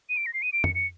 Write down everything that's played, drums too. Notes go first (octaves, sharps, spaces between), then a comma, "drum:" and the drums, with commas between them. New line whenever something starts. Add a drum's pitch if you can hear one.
D#7
D7
A#6
C7
D#7
D7
C#7, drum: tom F2
C#7